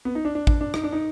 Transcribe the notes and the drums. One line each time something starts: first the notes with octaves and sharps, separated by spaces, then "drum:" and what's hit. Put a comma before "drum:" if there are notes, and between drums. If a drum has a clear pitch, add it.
B3
D#4
D4
D4
D4, drum: kick A1
D4
D#4, drum: rim click
D4
D#4